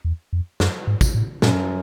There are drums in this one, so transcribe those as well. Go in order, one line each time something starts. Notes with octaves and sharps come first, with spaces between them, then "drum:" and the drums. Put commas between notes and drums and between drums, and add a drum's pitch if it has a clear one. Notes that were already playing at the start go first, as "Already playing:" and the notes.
E2
F2
F#2, drum: snare
G#2
drum: kick, tambourine
A2
F#2 A#2, drum: snare